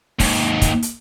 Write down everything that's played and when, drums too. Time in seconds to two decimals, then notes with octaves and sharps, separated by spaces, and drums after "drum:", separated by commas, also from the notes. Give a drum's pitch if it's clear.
0.20 D#2 G#2, drum: kick, open hi-hat
0.61 drum: kick, hi-hat
0.82 drum: hi-hat